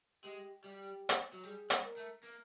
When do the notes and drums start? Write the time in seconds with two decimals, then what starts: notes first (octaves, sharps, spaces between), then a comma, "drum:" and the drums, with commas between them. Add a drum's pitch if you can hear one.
0.24 G#3 G4
0.64 G3 G4
1.09 drum: hi-hat
1.32 F#3
1.43 G3 G#4
1.70 G#3, drum: hi-hat
1.84 A#4
1.97 A3
2.23 A#3